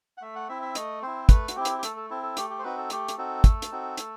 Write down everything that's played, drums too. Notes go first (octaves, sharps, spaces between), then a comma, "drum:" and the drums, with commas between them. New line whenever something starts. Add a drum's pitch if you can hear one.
F#5
A3 E5
F#5
C4 E4 E5
E5
A3 D#5, drum: hi-hat
C4 E4 C5
A3 B4, drum: kick, hi-hat
F#4, drum: hi-hat
C4 E4 G4
drum: hi-hat
G4
A3 A4, drum: hi-hat
A4
C4 E4 A4
A4
A3 G4, drum: hi-hat
G4
C5
C4 D#4 F#4 B4
A4
A3 G4, drum: hi-hat
drum: hi-hat
C4 D#4 F#4 A4
A3, drum: kick, hi-hat
drum: hi-hat
C4 D#4 F#4
A3, drum: hi-hat